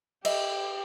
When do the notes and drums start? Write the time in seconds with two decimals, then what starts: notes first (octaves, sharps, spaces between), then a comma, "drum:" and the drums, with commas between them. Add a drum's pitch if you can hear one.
0.25 G4 D#5 E5, drum: cymbal